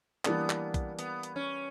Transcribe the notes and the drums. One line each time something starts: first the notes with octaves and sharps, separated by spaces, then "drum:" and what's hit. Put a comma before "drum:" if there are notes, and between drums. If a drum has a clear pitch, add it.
E3 G3 A#3 B3 D4, drum: clap
drum: clap
drum: kick, hi-hat
B3, drum: hi-hat
drum: hi-hat
C#4